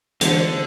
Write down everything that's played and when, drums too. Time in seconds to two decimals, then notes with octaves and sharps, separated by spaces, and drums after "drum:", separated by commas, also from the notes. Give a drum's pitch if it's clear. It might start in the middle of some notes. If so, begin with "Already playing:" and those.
0.21 D3 E3 G#3 D4 F#4, drum: hi-hat